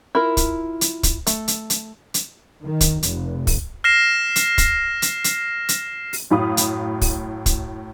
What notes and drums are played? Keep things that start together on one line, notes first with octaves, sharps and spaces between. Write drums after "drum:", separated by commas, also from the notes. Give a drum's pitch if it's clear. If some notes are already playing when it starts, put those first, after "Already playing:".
E4 F4 A#4
drum: kick, hi-hat
drum: hi-hat
drum: kick, hi-hat
A3, drum: hi-hat
drum: hi-hat
drum: hi-hat
drum: hi-hat
D#3
drum: kick, hi-hat
F1, drum: hi-hat
drum: kick, open hi-hat
F6 A#6 C7 E7
drum: hi-hat
drum: kick, hi-hat
drum: hi-hat
drum: hi-hat
drum: hi-hat
drum: open hi-hat
F#2 A2 F5 B5 D#6
drum: hi-hat
drum: kick, open hi-hat
drum: kick, hi-hat